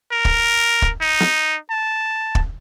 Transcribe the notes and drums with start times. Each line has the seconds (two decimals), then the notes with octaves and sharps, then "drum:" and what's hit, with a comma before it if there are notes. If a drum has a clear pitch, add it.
0.12 A#4
0.25 drum: kick
0.82 drum: kick
1.01 D#4
1.20 drum: snare
1.70 A5
2.35 drum: kick